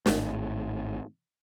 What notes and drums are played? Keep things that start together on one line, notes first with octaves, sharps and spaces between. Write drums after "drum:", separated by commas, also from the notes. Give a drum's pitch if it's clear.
G#1 A2, drum: snare